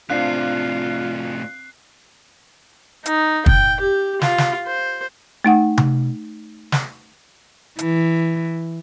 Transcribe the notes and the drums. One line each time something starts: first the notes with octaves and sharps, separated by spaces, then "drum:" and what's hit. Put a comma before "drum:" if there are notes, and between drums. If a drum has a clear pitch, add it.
A2 C3 C4 D4 F4 F5 F#6 C7
D#4, drum: hi-hat
G5, drum: kick
G4
F4, drum: snare
drum: snare
C5
A3 D#4 F#5
drum: tom C3
drum: snare
E3, drum: hi-hat